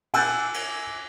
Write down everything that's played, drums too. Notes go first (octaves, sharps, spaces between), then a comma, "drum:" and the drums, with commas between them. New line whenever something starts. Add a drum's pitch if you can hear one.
G#5 E6 F#6 G6 A6, drum: cymbal
drum: cymbal